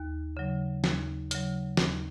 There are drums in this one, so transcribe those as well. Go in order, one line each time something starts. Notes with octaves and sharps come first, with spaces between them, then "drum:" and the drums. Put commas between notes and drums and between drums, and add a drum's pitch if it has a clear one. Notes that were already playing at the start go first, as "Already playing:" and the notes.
Already playing: D#2
C#3 F#3
D#2, drum: snare
C#3 F#3, drum: hi-hat
D#2, drum: snare